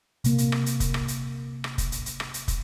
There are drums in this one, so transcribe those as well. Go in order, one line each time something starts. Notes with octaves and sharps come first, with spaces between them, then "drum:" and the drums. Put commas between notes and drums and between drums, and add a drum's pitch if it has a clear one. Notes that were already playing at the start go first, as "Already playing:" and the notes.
C3 A#3, drum: hi-hat
drum: hi-hat
drum: rim click
drum: hi-hat
drum: kick, hi-hat
drum: rim click
drum: hi-hat
drum: rim click
drum: kick, hi-hat
drum: hi-hat
drum: hi-hat
drum: rim click
drum: hi-hat
drum: kick, hi-hat